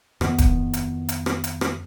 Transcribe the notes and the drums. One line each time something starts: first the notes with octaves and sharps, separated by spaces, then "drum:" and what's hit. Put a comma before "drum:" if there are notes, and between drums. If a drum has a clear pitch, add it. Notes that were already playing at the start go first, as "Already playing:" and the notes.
F2 D#3 B3, drum: rim click
drum: kick, hi-hat
drum: hi-hat
drum: hi-hat
drum: rim click
drum: hi-hat
drum: rim click